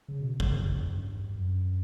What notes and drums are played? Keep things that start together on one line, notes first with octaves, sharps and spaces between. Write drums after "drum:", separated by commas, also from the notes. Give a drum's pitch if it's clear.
C#3
B2
C#3, drum: kick
F#2
E2
F#2
G2
F#2